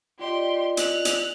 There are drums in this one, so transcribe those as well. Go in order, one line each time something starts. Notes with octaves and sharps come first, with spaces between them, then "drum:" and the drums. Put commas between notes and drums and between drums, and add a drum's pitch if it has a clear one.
F4 G4 D5 D#5 C6
F#6 F7, drum: hi-hat
drum: hi-hat